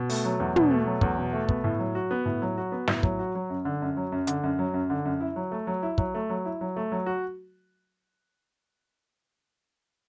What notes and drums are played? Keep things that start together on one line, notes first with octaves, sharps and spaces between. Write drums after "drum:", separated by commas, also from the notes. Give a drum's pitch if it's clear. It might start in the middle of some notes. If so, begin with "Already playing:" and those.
Already playing: B2
A3, drum: open hi-hat
F#3
E2
B2, drum: tom
A3
F#3
E2, drum: kick
B2
A3
B3, drum: kick
A2
F#3
F#4
B3
A2
F#3
F#4
B3
A2, drum: snare
F#3, drum: kick
F#4
F#3
F#2
D3
F#2
F#3
F#2
D3, drum: hi-hat
F#2
F#3
F#2
D3
F#2
E4
F#3
A3
F#3
E4
F#3, drum: kick
A3
F#3
E4
F#3
A3
F#3
F#4